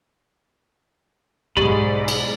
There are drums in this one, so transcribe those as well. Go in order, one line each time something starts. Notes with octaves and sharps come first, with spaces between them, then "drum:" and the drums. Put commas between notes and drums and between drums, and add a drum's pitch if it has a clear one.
B1 G#2 G4 D5 B5
drum: cymbal